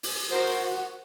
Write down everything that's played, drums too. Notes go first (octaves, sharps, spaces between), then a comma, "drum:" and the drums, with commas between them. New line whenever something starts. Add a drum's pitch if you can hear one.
drum: open hi-hat
F#4 A#4 C5